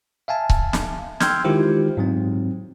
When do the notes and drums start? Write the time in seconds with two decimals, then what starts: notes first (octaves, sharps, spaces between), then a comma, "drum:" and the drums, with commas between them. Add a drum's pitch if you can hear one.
0.28 E5 F5 G#5 A5
0.50 drum: kick C#1
0.73 drum: snare
1.20 G5 C6 E6 F6 G6 G#6, drum: snare
1.44 D#3 G#3 E4 F4 G4 C5
1.97 G#2 F#3 C4